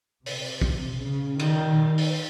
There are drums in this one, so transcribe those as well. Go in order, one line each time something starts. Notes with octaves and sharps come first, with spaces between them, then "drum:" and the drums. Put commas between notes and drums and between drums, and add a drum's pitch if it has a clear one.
C3, drum: open hi-hat
drum: kick
C#3
D#3, drum: cymbal
drum: open hi-hat